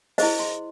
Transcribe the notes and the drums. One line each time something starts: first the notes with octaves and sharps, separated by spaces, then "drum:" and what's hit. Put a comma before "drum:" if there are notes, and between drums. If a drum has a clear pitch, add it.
E4 G#4 C5 D#5, drum: open hi-hat
C6